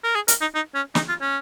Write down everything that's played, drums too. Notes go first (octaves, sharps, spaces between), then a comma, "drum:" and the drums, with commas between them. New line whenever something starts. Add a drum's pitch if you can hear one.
A#4
G#4
A#4, drum: hi-hat
D#4
D#4
C#4
D#4, drum: snare
F4
C#4